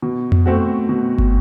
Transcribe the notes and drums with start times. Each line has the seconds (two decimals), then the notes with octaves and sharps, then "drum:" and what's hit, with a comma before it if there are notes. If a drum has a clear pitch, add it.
0.02 B2
0.32 drum: tom F2
0.46 A3 C4 F#4
0.89 B2
1.18 drum: kick